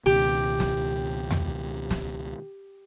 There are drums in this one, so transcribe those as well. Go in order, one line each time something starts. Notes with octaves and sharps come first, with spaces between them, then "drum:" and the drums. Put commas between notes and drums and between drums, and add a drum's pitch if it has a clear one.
C#2 B2 D#3 G4
drum: snare
drum: tom E2
drum: snare